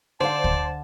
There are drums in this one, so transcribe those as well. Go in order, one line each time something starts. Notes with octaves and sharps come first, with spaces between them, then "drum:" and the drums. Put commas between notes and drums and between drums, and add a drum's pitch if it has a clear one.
D3 C5 D5 F5 A5
drum: kick